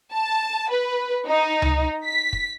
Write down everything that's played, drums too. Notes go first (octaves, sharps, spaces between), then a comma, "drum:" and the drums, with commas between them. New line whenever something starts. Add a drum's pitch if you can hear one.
A5
B4
D#4
drum: tom C#2
B6
drum: kick